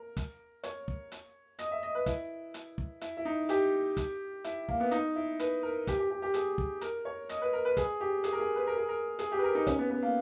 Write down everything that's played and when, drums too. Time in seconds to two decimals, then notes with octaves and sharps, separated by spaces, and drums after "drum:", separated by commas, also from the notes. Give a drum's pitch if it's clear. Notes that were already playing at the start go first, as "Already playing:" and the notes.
Already playing: A#4
0.17 drum: kick, hi-hat
0.63 C#5, drum: hi-hat
0.88 drum: kick
1.12 drum: hi-hat
1.59 D#5, drum: hi-hat
1.71 E5
1.83 D#5
1.95 B4
2.06 E4, drum: kick, hi-hat
2.54 drum: hi-hat
2.78 drum: kick
3.01 E4, drum: hi-hat
3.17 E4
3.25 D#4
3.49 G4, drum: hi-hat
3.97 drum: kick, hi-hat
4.44 E4, drum: hi-hat
4.69 A#3, drum: kick
4.80 B3
4.91 D#4, drum: hi-hat
5.15 E4
5.40 B4, drum: hi-hat
5.63 A#4
5.87 G4, drum: kick, hi-hat
5.99 G4
6.10 G4
6.22 G4
6.34 G#4, drum: hi-hat
6.58 drum: kick
6.81 A#4, drum: hi-hat
7.05 C#5
7.29 D#5, drum: hi-hat
7.42 B4
7.53 A#4
7.65 B4
7.77 G#4, drum: kick, hi-hat
8.00 G4
8.24 G#4, drum: hi-hat
8.33 A#4
8.40 G#4
8.56 B4
8.67 A#4
8.77 G#4
8.88 A#4
9.19 G#4, drum: hi-hat
9.32 G4
9.39 B4
9.43 A#4
9.55 D#4
9.67 C#4, drum: kick, hi-hat
9.78 B3
9.90 B3
10.02 A#3